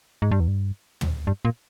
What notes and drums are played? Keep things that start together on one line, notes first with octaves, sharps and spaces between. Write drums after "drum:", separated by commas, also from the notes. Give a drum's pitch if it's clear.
G#2
G2
E2
G2
drum: tom
G2
A#2